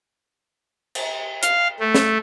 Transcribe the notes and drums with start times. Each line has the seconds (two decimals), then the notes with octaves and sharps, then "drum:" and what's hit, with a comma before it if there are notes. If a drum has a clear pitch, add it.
0.95 drum: cymbal
1.43 F5, drum: hi-hat
1.80 A3
1.95 drum: snare